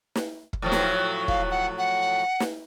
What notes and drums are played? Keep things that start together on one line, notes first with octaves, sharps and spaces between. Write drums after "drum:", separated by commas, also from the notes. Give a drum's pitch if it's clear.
drum: snare
drum: kick
A2 F3 F#3
drum: snare
F5, drum: kick
F#5
F#5
drum: snare